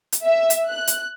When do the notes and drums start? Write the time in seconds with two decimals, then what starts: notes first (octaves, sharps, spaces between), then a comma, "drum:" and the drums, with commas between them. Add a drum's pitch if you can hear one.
0.12 drum: hi-hat
0.25 E5
0.50 drum: hi-hat
0.69 F#6
0.87 drum: hi-hat